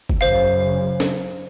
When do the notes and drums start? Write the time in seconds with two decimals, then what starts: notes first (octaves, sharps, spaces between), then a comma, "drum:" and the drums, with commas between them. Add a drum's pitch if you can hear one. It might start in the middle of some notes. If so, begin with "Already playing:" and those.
0.09 drum: kick
0.21 F#2 C#3 C5 F5
1.00 drum: snare